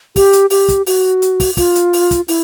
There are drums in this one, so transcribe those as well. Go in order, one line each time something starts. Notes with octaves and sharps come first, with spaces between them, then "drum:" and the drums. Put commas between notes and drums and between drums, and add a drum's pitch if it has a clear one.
G4, drum: kick, open hi-hat
drum: hi-hat
G4, drum: open hi-hat
drum: kick, hi-hat
F#4, drum: open hi-hat
drum: hi-hat
drum: kick, open hi-hat
F4, drum: kick, open hi-hat
drum: hi-hat
drum: open hi-hat
drum: kick, hi-hat
E4, drum: open hi-hat